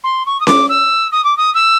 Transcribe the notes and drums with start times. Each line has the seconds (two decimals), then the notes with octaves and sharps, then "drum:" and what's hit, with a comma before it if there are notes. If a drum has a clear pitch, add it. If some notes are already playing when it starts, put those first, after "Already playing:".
0.04 C6
0.26 C#6
0.40 D#6
0.47 D6, drum: snare C#4
0.69 E6
1.12 D#6
1.24 D6
1.37 D#6
1.55 E6